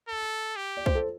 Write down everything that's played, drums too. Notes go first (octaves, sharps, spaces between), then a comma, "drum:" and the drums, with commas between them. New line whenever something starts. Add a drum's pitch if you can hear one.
A4
G4
D5
C5, drum: kick C2
A4